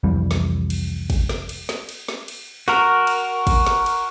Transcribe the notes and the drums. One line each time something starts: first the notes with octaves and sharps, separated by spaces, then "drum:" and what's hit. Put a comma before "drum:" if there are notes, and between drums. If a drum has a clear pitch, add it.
C2 F2 E3 G3
drum: snare
drum: cymbal
drum: kick, cymbal
drum: snare
drum: cymbal
drum: snare
drum: cymbal
drum: snare
drum: cymbal
F#4 A#4, drum: snare
drum: cymbal
drum: kick, cymbal
drum: snare
drum: cymbal